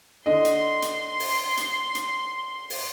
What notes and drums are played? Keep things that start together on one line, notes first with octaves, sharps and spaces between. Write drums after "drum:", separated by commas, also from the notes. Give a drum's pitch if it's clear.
D3 D#5 C6
drum: hi-hat
drum: hi-hat
drum: open hi-hat
drum: hi-hat
drum: hi-hat
drum: open hi-hat